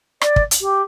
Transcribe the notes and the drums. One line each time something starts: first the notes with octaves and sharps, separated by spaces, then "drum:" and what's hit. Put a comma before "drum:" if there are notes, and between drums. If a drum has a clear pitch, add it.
D5, drum: rim click
drum: kick
drum: hi-hat
G4